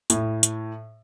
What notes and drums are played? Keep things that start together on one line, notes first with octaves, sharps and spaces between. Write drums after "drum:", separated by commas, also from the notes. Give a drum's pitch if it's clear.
A2, drum: hi-hat
drum: hi-hat